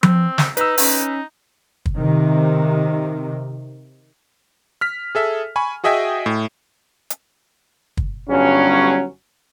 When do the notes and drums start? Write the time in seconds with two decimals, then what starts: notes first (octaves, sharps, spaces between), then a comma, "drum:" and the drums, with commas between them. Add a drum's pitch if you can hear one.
0.03 C4, drum: tom F3
0.38 drum: snare
0.57 D#4 B4 E6, drum: hi-hat
0.78 C#4 D#4, drum: open hi-hat
1.86 drum: kick
1.97 C3 D#3
4.81 F6 B6
5.15 G#4 A4 E5
5.56 G#5 B5 C#6
5.84 F#4 G#4 D#5 E5 G5 G#5
6.26 A2
7.10 drum: hi-hat
7.97 drum: kick
8.29 G1 G2 F#3 C#4